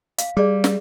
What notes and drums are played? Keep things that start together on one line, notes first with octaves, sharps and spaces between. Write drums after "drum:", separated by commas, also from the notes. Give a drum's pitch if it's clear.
F5, drum: hi-hat
G3 G#4 D5
drum: snare